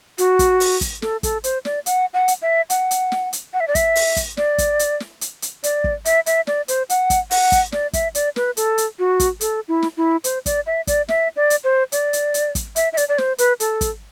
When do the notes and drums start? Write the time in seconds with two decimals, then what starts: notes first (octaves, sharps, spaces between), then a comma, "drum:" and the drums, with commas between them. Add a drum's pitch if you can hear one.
0.18 F#4, drum: hi-hat
0.39 drum: kick, hi-hat
0.60 drum: open hi-hat
0.81 drum: kick, hi-hat
1.02 A4, drum: snare
1.23 A4, drum: kick, hi-hat
1.44 C5, drum: hi-hat
1.65 D5, drum: snare
1.86 F#5, drum: hi-hat
2.14 F#5
2.28 drum: hi-hat
2.42 E5
2.70 F#5, drum: hi-hat
2.91 drum: hi-hat
3.12 drum: snare
3.33 drum: hi-hat
3.53 F#5
3.60 E5
3.68 D5
3.75 E5, drum: kick, hi-hat
3.96 drum: open hi-hat
4.16 drum: kick, hi-hat
4.37 D5, drum: snare
4.58 drum: kick, hi-hat
4.79 drum: hi-hat
5.00 drum: snare
5.21 drum: hi-hat
5.42 drum: hi-hat
5.63 D5, drum: hi-hat
5.84 drum: kick
6.05 E5, drum: hi-hat
6.26 E5, drum: hi-hat
6.47 D5, drum: snare
6.68 C5, drum: hi-hat
6.90 F#5, drum: hi-hat
7.10 drum: kick, hi-hat
7.31 F#5, drum: open hi-hat
7.52 drum: kick, hi-hat
7.72 D5, drum: snare
7.93 E5, drum: kick, hi-hat
8.15 D5, drum: hi-hat
8.36 B4, drum: snare
8.57 A4, drum: hi-hat
8.78 drum: hi-hat
8.99 F#4
9.20 drum: kick, hi-hat
9.41 A4, drum: hi-hat
9.68 E4
9.82 drum: snare
9.97 E4
10.24 C5, drum: hi-hat
10.46 D5, drum: kick, hi-hat
10.66 E5
10.87 D5, drum: kick, hi-hat
11.08 E5, drum: snare
11.36 D5
11.50 drum: hi-hat
11.64 C5
11.92 D5, drum: hi-hat
12.13 drum: hi-hat
12.34 drum: hi-hat
12.55 drum: kick, hi-hat
12.76 E5, drum: hi-hat
12.93 E5
12.97 D5, drum: hi-hat
13.09 D5
13.18 C5, drum: snare
13.38 B4, drum: hi-hat
13.60 A4, drum: hi-hat
13.81 drum: kick, hi-hat